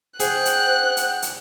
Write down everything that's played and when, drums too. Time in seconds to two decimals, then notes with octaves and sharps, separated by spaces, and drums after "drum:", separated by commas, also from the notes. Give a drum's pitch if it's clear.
0.20 G#4 C5 F#5 G5 F#6, drum: hi-hat
0.45 drum: hi-hat
0.97 drum: hi-hat
1.22 drum: hi-hat